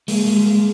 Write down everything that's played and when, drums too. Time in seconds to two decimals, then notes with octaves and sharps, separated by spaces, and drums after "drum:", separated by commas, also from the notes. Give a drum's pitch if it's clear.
0.08 G#3 A#3, drum: open hi-hat
0.27 G#3 A#3
0.46 G#3 A#3